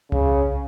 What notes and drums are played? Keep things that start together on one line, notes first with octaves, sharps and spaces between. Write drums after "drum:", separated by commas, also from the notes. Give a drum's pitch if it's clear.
C#3, drum: tom C2